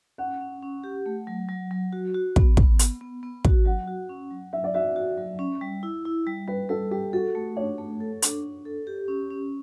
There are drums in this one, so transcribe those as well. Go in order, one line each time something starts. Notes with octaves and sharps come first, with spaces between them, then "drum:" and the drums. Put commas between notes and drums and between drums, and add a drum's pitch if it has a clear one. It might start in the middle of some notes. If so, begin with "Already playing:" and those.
C#4 F#5
C#4
C#4
G4
A3
F#3
F#3
F#3
F#4
F#4
B3, drum: kick
B3, drum: kick
B3, drum: hi-hat
B3
B3
F#4, drum: kick
F#3 F#5
F#4
C#4
F#3
F#3 E5
D5
F#4 E5
F#4
F#3
C#4
G3
E4
E4
G3
G3 B4
G3 A4
G3 G4
F#4 A4
A3
D4 C#5
A3
A4
D4, drum: hi-hat
D4
A4
G4
C#4
C#4